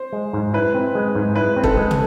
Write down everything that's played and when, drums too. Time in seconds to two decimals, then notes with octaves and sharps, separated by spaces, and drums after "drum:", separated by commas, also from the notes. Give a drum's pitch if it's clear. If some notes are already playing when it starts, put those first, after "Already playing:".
Already playing: C5
0.13 G#3
0.33 G#2
0.54 E4 B4
0.75 C4
0.95 G#3
1.15 G#2
1.35 E4 B4
1.56 C4
1.64 A4, drum: kick E1
1.77 G#3
1.91 drum: tom